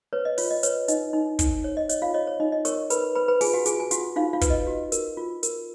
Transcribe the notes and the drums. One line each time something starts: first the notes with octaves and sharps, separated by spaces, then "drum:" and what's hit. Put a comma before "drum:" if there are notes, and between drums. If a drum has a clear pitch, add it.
B4 C#5
D#5
F4 C#5, drum: open hi-hat
D#5
B4 C#5, drum: hi-hat
D#4 D#5, drum: hi-hat
D#4
D#4, drum: kick, hi-hat
C#5
D#5
C#5 D#5, drum: hi-hat
F4 F5
C#5 D#5
C#5
D#4 D#5
D#5
A#4 C#5 C#6, drum: hi-hat
A#4 B4 B5, drum: hi-hat
B4 B5
B4 B5
F4 G#4 G#5, drum: open hi-hat
F#4 F#5
F4 G#4 G#5, drum: hi-hat
G#5
F4 F#4 F#5, drum: hi-hat
D#4 F4 F5
F4 F5
B4, drum: kick, hi-hat
D#5
F#4
A#4, drum: hi-hat
F4
A#4, drum: hi-hat